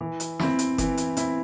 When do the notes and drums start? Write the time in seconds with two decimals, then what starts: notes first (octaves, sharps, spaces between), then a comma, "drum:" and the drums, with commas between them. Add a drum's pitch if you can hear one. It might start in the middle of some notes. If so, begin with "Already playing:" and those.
0.01 E3
0.20 drum: hi-hat
0.39 C4 E4, drum: snare
0.59 drum: hi-hat
0.78 E3, drum: kick F#1, hi-hat
0.97 drum: hi-hat
1.17 C4 E4, drum: hi-hat